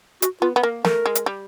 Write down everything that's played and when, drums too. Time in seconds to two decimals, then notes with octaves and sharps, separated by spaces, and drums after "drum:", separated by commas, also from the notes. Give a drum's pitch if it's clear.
0.22 F#4, drum: hi-hat
0.42 B3 F4
0.56 B3
0.63 A#3 A#4
0.85 A3 A#4, drum: snare
1.06 G#3
1.15 drum: hi-hat
1.26 G3